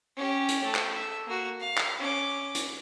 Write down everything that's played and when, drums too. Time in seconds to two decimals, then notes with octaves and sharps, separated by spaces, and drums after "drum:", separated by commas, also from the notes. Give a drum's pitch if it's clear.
0.16 C#4 G4
0.49 drum: hi-hat
0.63 A3
0.74 drum: clap
0.93 E5
1.26 A#3 F#4
1.60 F5
1.78 drum: clap
1.99 C#4 D6
2.55 drum: hi-hat